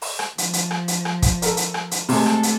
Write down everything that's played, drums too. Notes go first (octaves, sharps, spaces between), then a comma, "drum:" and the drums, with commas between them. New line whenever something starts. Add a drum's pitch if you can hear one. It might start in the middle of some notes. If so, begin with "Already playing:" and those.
drum: open hi-hat
drum: rim click
F3, drum: hi-hat
drum: hi-hat
drum: rim click
drum: hi-hat
drum: rim click
drum: kick, hi-hat
A4 A#4, drum: hi-hat
drum: hi-hat
drum: rim click
drum: hi-hat
C3 G#3 A3 A4, drum: open hi-hat
drum: rim click
drum: hi-hat